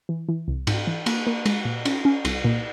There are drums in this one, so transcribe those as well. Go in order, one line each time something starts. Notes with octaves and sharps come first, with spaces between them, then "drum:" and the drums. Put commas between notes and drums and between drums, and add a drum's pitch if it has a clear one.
E3
E3
C2
G#2, drum: cymbal
E3
A#3, drum: cymbal
A#3
G#3, drum: cymbal
A#2
C#4, drum: cymbal
C#4
C2, drum: cymbal
A#2